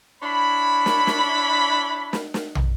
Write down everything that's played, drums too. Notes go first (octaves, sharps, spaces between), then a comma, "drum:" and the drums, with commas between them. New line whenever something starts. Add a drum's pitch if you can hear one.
D4 E4 C#5 B5
drum: snare
drum: snare
drum: snare
drum: snare
drum: tom